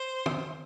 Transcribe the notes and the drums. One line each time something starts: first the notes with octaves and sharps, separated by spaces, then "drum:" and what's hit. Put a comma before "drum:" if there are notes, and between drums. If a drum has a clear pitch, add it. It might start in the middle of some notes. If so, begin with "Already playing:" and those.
Already playing: C5
drum: tom